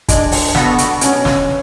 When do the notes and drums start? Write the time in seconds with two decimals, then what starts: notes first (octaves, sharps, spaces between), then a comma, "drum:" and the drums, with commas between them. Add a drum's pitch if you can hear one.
0.09 G#3 D4, drum: kick, hi-hat
0.32 drum: open hi-hat
0.55 B3 F#4 A4, drum: snare
0.78 drum: hi-hat
1.01 B2 C#4, drum: hi-hat
1.25 drum: snare